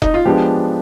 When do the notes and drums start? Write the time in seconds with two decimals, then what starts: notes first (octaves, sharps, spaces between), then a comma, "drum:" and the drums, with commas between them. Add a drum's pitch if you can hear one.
0.02 D#4, drum: kick F1
0.14 F4
0.25 F3 G#3 B3 D4 G4